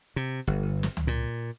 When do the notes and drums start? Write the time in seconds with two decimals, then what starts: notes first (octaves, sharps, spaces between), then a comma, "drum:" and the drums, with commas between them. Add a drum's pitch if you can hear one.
0.16 C3
0.47 G1
0.83 drum: snare
0.97 drum: tom C#2
1.07 A#2